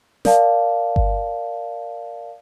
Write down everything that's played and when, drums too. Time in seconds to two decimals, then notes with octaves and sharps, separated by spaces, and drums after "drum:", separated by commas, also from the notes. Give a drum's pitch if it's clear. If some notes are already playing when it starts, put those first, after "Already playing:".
0.25 A#4 D5 F5 A5, drum: snare
0.96 drum: kick G1